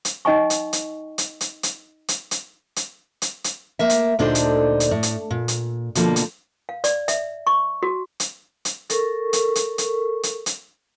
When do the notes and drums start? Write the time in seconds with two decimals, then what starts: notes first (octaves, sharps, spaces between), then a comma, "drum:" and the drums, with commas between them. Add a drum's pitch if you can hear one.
0.05 drum: hi-hat
0.25 D#4 D#5 G5 G#5 C#6
0.50 drum: hi-hat
0.73 drum: hi-hat
1.18 drum: hi-hat
1.41 drum: hi-hat
1.63 drum: hi-hat
2.08 drum: hi-hat
2.31 drum: hi-hat
2.76 drum: hi-hat
3.22 drum: hi-hat
3.44 drum: hi-hat
3.79 A#3 A#4 E5
3.90 drum: hi-hat
4.19 D2 A#2 D3 D4 D#4 C5
4.35 drum: hi-hat
4.80 drum: hi-hat
4.91 A2
5.03 drum: hi-hat
5.31 A#2
5.48 drum: hi-hat
5.95 B2 D3 F3 A#3, drum: hi-hat
6.16 drum: hi-hat
6.69 F5
6.84 D5, drum: hi-hat
7.08 E5, drum: hi-hat
7.47 C#6
7.83 F#4
8.20 drum: hi-hat
8.65 drum: hi-hat
8.90 A4 A#4 C#6, drum: hi-hat
9.33 drum: hi-hat
9.55 drum: hi-hat
9.78 drum: hi-hat
10.23 drum: hi-hat
10.46 drum: hi-hat